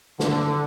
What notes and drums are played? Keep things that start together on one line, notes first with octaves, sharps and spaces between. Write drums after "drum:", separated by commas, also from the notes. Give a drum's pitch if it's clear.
D3, drum: snare